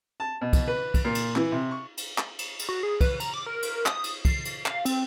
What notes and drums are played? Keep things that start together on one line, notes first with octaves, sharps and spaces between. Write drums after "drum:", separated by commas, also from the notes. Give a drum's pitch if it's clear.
A5
B2
drum: kick, cymbal
B4
drum: kick, cymbal
A#2
drum: cymbal
E3, drum: clap
C3
C#6
drum: cymbal
drum: clap
drum: cymbal
drum: cymbal
F#4
G#4
B4, drum: kick, cymbal
A#5, drum: cymbal
D6
A#4
drum: cymbal
D#6, drum: clap
drum: cymbal
C7, drum: kick, cymbal
drum: cymbal
F5, drum: clap
C4, drum: cymbal